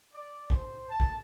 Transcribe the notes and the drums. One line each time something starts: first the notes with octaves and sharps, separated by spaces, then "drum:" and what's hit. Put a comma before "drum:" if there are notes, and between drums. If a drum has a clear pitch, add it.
D5
C5, drum: kick
A5
drum: kick